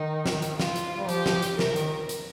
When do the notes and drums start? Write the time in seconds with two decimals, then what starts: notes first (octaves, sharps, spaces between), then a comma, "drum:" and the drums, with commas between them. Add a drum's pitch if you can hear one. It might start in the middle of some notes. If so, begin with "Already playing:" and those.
Already playing: D#3 D#4
0.26 drum: snare
0.42 drum: hi-hat
0.60 F4, drum: snare
0.76 drum: hi-hat
0.98 G3
1.09 F3 G4, drum: hi-hat
1.26 F3, drum: snare
1.42 drum: hi-hat
1.59 C3 A#4, drum: snare
1.76 D#3, drum: hi-hat
2.09 drum: hi-hat